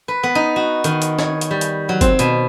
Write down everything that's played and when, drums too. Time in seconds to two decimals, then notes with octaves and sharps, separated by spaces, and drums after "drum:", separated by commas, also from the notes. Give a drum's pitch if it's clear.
0.08 B4
0.23 B3
0.35 D#4
0.56 F#4
0.84 D#3, drum: hi-hat
1.02 drum: hi-hat
1.19 C#5, drum: snare
1.41 drum: hi-hat
1.51 G3
1.61 drum: hi-hat
1.89 F#3
2.01 C4, drum: kick, hi-hat
2.19 B2, drum: hi-hat